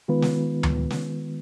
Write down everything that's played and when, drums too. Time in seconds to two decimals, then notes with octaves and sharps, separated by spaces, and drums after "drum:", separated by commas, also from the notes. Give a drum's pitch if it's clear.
0.08 D#3 G#3 B3 F4 B4
0.22 drum: snare
0.63 drum: tom D2
0.90 drum: snare